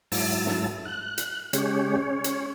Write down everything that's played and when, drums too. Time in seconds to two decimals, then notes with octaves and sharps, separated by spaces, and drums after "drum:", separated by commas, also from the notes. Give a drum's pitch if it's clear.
0.12 G#2 F#3 E4 A5, drum: open hi-hat
0.47 drum: snare
0.85 F#6
1.18 drum: hi-hat
1.53 C#3 G#3 C#4 G4 C#5, drum: hi-hat
1.97 C#4 C#5
2.24 drum: hi-hat